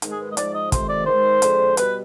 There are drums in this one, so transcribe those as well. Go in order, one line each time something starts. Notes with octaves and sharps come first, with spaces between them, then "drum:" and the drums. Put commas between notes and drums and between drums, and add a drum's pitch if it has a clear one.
G#2 D#3 G#3, drum: hi-hat
G#4
B4
D#5
G#2 F3 G#3 D5, drum: hi-hat
D#5
F2 C3 D#3 G#3 C5, drum: kick, hi-hat
D5
G#2 D#3 G#3 C5
F2 D3 F3 G#3, drum: hi-hat
B2 G3 B4, drum: hi-hat